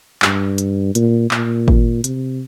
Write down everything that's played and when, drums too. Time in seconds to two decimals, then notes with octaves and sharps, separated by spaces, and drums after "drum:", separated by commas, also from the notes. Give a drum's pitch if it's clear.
0.22 G2, drum: clap
0.58 drum: hi-hat
0.95 A#2, drum: hi-hat
1.31 A#2, drum: clap
1.68 drum: kick G#1
2.04 C3, drum: hi-hat